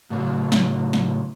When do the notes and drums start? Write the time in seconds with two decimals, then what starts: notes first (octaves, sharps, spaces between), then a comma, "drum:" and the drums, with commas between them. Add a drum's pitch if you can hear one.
0.10 A2 C#3 F#3
0.52 drum: snare
0.93 drum: snare